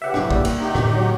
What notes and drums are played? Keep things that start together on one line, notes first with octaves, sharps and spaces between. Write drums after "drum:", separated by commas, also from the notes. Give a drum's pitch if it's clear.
C#3 E3 G4 E5 F#5
F#1 G#2 D4, drum: rim click
G3 A#3, drum: kick A1
drum: cymbal
D#4 G4
A2 D3, drum: rim click
F#3 A#4